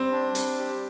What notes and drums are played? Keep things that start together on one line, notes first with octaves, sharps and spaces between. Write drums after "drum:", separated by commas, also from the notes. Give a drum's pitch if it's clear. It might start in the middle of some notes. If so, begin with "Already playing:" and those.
Already playing: G3 C4
D4
G3, drum: hi-hat
G4